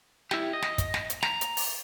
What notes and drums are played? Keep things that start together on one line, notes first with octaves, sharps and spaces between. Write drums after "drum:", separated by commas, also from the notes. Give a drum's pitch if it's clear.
E4 G4, drum: snare
D#5
drum: snare
drum: kick, hi-hat
drum: snare
drum: hi-hat
A#5, drum: snare
drum: hi-hat
drum: open hi-hat